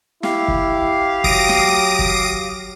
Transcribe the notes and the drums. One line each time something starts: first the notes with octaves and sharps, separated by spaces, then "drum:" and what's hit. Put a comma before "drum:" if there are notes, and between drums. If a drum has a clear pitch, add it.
E4 G4 F5, drum: snare
drum: kick
F#3 D#6 A#6 D7, drum: kick
drum: snare
drum: kick